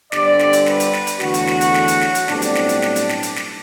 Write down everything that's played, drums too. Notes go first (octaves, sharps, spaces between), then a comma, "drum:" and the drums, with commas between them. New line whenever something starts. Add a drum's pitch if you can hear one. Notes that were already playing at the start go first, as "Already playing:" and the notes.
G1 G2 D3 G3 C4 D5, drum: snare
drum: snare
drum: hi-hat
B4, drum: snare
drum: hi-hat
drum: snare
drum: hi-hat
E2 D3 F#3 A3 F#4, drum: snare
drum: hi-hat
drum: snare
drum: hi-hat
drum: snare
drum: hi-hat
drum: snare
drum: hi-hat
B1 A2 G3 C4 D4, drum: snare
drum: hi-hat
drum: snare
drum: hi-hat
D4, drum: snare
drum: hi-hat
drum: snare
drum: hi-hat
drum: snare